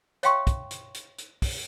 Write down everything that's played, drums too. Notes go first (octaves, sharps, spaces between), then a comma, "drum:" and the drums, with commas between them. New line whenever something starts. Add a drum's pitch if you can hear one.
C#5 E5 F5 G5 C6 C#6, drum: hi-hat
drum: kick, hi-hat
drum: hi-hat
drum: hi-hat
drum: hi-hat
drum: kick, open hi-hat